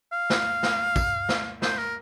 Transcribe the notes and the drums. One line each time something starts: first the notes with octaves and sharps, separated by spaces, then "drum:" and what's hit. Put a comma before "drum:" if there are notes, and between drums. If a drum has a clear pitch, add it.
F5
drum: snare
drum: snare
drum: kick, tambourine
drum: snare
C5, drum: snare
A#4